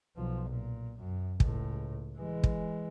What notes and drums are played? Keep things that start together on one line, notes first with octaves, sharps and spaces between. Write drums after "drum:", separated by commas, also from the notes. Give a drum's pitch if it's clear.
B1 F3
A#2
F#2
C#2 A2, drum: kick
E3 G#3
drum: kick